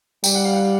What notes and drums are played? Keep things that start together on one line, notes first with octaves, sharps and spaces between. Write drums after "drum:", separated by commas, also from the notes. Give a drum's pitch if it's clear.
G3 G5, drum: tambourine
F#5
F5
F#5